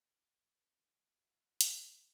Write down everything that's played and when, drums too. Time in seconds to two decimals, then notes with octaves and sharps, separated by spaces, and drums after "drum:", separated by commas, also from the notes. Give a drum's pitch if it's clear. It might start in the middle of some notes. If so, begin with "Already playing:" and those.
1.17 A2 E4 F#4
1.61 G#3, drum: hi-hat